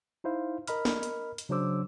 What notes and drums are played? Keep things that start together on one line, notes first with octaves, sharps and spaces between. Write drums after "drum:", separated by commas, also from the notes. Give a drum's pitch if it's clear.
D#4 E4 C5 F5
A#4 D#5 B5 F6, drum: hi-hat
drum: snare
drum: hi-hat
drum: hi-hat
C#3 F#3 D4 C5 D6 E6